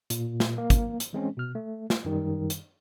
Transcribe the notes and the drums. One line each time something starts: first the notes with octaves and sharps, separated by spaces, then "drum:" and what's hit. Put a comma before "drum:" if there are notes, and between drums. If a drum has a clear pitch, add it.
A#2, drum: hi-hat
drum: snare
A#3
drum: kick, hi-hat
drum: hi-hat
E3 G#3 C4 C#4
B2 F6
A3
drum: snare
F#2 D#3 G3
drum: hi-hat